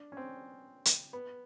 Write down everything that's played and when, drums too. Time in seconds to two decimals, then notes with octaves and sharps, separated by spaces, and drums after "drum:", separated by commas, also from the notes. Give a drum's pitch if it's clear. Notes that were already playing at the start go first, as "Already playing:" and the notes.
Already playing: D4
0.12 C#4
0.17 C4
0.85 drum: hi-hat
1.13 B3